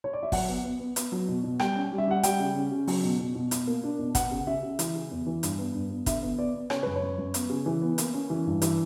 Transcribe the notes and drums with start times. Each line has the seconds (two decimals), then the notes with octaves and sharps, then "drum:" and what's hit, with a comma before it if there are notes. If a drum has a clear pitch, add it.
0.04 C#5
0.13 D5
0.23 E5
0.32 F#3 F#5, drum: kick, open hi-hat
0.49 B3
0.64 B3
0.80 B3
0.96 B3, drum: hi-hat
1.12 F#3
1.28 B2
1.44 B2
1.59 G3 G5, drum: rim click
1.76 C#4
1.92 G3
1.98 E5
2.07 G3 F#5
2.23 G3 G5, drum: hi-hat
2.39 C#3
2.55 C#4
2.71 C#3
2.87 F#3, drum: open hi-hat
3.03 B2
3.20 B2
3.35 B2
3.51 B2, drum: hi-hat
3.67 A#3
3.83 D4
3.99 B2
4.15 B3 F#5, drum: kick, hi-hat
4.31 C#3
4.47 C#3 E5
4.63 C#3
4.79 E3, drum: hi-hat
4.95 C#3
5.11 E2
5.27 E3
5.43 G2, drum: hi-hat
5.58 B3
5.74 G2
5.90 B3
6.06 D3 E5, drum: kick, hi-hat
6.23 B3
6.38 B3 D5
6.54 B3
6.70 C#3 C#5, drum: rim click
6.83 F#2 B4
6.96 C#5
7.02 F#2
7.18 F#2
7.34 B3, drum: hi-hat
7.49 C#3
7.66 E3
7.82 B3
7.98 A#3, drum: hi-hat
8.14 C#4
8.30 E3
8.46 G2
8.62 E3, drum: hi-hat